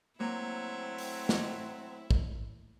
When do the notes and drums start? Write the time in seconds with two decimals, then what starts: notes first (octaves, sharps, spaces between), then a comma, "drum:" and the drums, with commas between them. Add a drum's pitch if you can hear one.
0.20 F#3 A3 A#3 C4 E4
0.98 drum: open hi-hat
1.29 drum: snare
2.11 drum: kick